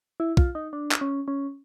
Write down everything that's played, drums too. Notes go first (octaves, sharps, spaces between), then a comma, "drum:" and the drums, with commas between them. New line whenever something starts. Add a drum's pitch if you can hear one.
E4
F4, drum: kick
D#4
D4
drum: clap
C#4
C#4